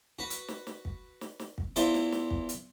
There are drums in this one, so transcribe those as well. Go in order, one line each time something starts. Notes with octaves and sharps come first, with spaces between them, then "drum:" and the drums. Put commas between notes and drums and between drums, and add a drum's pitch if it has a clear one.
F#4 B4
drum: hi-hat
drum: snare
drum: snare
drum: kick
drum: snare
drum: snare
drum: kick
E2 E4 F4 C5 D6, drum: hi-hat
drum: snare
drum: snare
drum: kick
drum: hi-hat